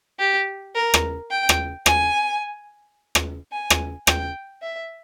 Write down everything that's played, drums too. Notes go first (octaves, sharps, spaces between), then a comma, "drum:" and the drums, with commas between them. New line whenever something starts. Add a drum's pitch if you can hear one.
G4
A#4
drum: rim click
G5
drum: rim click
G#5, drum: rim click
drum: rim click
G#5
drum: rim click
G5, drum: rim click
E5